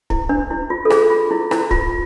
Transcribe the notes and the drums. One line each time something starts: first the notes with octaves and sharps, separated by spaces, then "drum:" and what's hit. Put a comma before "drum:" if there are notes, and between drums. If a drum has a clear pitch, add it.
E4, drum: kick
D4
E4
F4
A4
G#4, drum: rim click
F4
E4
E4, drum: rim click
F4, drum: kick